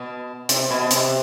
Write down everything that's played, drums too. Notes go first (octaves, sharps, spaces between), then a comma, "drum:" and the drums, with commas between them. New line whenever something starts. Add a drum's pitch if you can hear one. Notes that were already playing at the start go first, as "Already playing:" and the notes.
Already playing: B2
C3, drum: hi-hat
B2
C3, drum: hi-hat